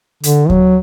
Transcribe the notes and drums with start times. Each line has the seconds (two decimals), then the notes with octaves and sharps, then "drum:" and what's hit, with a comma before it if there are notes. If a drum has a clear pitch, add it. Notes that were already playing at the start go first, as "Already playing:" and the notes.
0.23 D3, drum: hi-hat
0.50 F#3, drum: kick D2